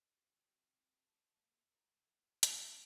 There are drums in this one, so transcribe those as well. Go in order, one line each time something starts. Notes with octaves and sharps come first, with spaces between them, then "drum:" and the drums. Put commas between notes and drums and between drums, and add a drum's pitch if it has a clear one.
C4 F#4
A5
A#2
A#4
A2
B4 C#5, drum: hi-hat